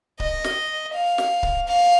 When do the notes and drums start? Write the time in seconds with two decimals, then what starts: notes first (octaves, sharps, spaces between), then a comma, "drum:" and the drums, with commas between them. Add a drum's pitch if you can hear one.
0.20 D#5, drum: kick C#1
0.44 drum: snare
0.94 F5
1.18 drum: snare
1.43 drum: kick C#1
1.68 F5